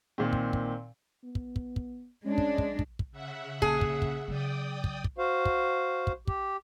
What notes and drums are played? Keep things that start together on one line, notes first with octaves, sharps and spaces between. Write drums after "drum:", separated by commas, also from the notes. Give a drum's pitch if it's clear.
A#2 D#3 C4
drum: kick
drum: kick
B3
drum: kick
drum: kick
drum: kick
G#3 C#4 D4
drum: kick
drum: kick
drum: kick
drum: kick
C#3 E5 F#5
A#1 G#4, drum: kick
drum: kick
drum: kick
C#3 F#3 D5 G5 D#6
drum: kick
drum: kick
F#4 C5 F5
drum: kick
drum: kick
G4, drum: kick